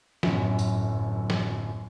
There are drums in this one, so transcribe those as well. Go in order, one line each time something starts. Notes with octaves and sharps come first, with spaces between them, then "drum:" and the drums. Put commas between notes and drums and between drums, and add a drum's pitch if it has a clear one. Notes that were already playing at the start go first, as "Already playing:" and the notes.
D1 G1 F#2, drum: snare
drum: tambourine
drum: snare